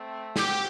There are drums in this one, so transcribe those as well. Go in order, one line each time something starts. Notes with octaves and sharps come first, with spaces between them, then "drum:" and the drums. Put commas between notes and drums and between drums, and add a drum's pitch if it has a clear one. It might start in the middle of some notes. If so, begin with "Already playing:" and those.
Already playing: A3 C4
C4 F#4 G4, drum: snare